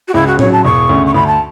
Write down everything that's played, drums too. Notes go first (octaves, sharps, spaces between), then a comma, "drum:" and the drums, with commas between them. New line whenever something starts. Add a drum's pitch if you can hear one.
F#4
C#2 E4
F#4
C#3 F#3 C#5, drum: tom
A5
E1 C#6
D2 C#3
C#6
D2 B5
A5